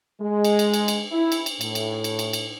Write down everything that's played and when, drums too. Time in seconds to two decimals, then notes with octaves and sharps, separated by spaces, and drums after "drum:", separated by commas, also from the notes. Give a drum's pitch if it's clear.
0.21 G#3
0.44 drum: cymbal
0.59 drum: cymbal
0.74 drum: cymbal
0.88 drum: cymbal
1.12 E4
1.32 drum: cymbal
1.46 drum: cymbal
1.61 A2, drum: cymbal
1.75 drum: cymbal
2.04 drum: cymbal
2.19 drum: cymbal
2.33 drum: cymbal